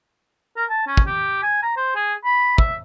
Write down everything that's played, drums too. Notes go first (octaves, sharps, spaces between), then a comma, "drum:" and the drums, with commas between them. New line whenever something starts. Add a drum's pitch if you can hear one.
A#4
A5
C#4
drum: kick
G4
G#5
A#5
C5
G#4
B5
E5, drum: kick